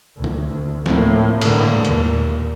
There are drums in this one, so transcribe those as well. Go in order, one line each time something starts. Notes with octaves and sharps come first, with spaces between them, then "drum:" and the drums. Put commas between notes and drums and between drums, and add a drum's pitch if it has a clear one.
D2
drum: tom D3
A2 F3 A#3, drum: snare
A2 D3 E3 G#3 A#3, drum: cymbal
D#2 A#2, drum: hi-hat